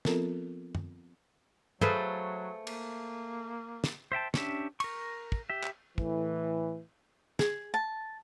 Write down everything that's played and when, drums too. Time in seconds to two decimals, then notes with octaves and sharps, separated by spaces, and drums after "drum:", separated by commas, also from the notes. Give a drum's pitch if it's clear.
0.05 F3 B3 C4 F4 A4 A#4, drum: snare
0.75 drum: tom F#2
1.81 F#3 A3 G#4 A4 B4 C5 F5, drum: tom
2.67 A#3, drum: cymbal
3.84 drum: snare
4.12 C5 E5 G5 A5
4.34 C#4 D4 G4 E5, drum: snare
4.80 A#4 C#6, drum: cymbal
5.32 drum: kick
5.50 G4 E5
5.63 drum: clap
5.98 A2 E3, drum: kick
7.39 G#4, drum: snare
7.74 A5